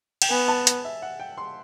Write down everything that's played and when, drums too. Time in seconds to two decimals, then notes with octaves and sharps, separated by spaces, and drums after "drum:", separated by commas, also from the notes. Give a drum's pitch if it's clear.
0.22 G5, drum: cymbal
0.30 B3 G#5
0.48 A5
0.67 drum: hi-hat
0.85 E5
1.02 F#5
1.20 G5
1.38 C6